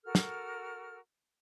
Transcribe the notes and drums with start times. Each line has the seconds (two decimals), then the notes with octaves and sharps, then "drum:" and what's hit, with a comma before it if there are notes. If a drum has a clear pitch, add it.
0.05 F#4 A4 A#4 F6
0.15 drum: snare